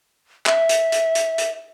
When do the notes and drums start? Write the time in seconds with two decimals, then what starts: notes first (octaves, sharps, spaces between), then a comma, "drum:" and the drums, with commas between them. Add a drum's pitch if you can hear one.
0.46 E5, drum: clap
0.69 drum: hi-hat
0.92 drum: hi-hat
1.15 drum: hi-hat
1.38 drum: hi-hat